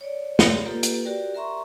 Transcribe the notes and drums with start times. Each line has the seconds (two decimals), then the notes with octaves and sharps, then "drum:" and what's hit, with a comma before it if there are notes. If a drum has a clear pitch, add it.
0.01 C#5 D5
0.39 drum: snare
0.65 A#3 F4 G4 A4 B4
0.83 drum: hi-hat
1.05 F#4 G4 A#4 D5 G5
1.35 A#4 E5 A#5 C6 C#6